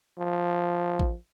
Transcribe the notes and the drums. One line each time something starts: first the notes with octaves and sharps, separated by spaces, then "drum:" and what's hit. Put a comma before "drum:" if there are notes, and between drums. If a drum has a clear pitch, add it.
F3
drum: kick A1